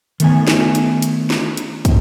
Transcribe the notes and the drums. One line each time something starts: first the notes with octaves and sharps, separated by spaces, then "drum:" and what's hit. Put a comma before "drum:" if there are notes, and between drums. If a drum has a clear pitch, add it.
D#3 A3 B3 G#5, drum: hi-hat
drum: snare
drum: hi-hat
drum: hi-hat
drum: snare
drum: hi-hat
drum: kick, hi-hat